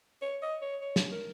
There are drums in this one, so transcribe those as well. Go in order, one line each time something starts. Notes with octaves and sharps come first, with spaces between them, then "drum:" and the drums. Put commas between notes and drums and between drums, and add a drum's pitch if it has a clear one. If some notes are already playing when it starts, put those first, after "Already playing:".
C#5
D#5
C#5
C#5
drum: snare
A#4